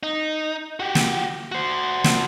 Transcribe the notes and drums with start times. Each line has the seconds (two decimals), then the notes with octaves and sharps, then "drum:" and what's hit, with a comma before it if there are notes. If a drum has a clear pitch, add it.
0.03 D#4
0.80 F#4 G4
0.95 drum: snare
1.52 F#4 C5
2.04 drum: snare